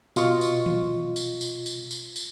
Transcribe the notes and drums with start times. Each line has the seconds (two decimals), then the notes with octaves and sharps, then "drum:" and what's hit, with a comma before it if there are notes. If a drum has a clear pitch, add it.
0.16 B2 F4 D#5 C#6, drum: tambourine
0.41 drum: tambourine
0.66 drum: tom D#3
1.16 drum: tambourine
1.41 drum: tambourine
1.66 drum: tambourine
1.91 drum: tambourine
2.16 drum: tambourine